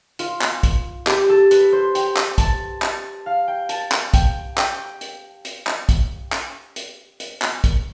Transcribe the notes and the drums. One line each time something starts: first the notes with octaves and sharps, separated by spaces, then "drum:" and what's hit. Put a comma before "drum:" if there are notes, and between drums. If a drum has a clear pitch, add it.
F4, drum: hi-hat
drum: clap
drum: kick, hi-hat
G4, drum: clap
A4
B4, drum: hi-hat
C5
G5, drum: hi-hat
drum: clap
A5, drum: kick, hi-hat
A5, drum: clap
F5
G5
A5, drum: hi-hat
drum: clap
G5, drum: kick, hi-hat
G5, drum: clap
drum: hi-hat
drum: hi-hat
drum: clap
drum: kick, hi-hat
drum: clap
drum: hi-hat
drum: hi-hat
drum: clap
drum: kick, hi-hat